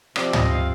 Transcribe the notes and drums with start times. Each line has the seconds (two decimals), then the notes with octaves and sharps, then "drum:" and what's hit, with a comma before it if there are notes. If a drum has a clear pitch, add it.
0.16 C3 F3 C4 D5, drum: rim click
0.33 D#5, drum: tom
0.50 F5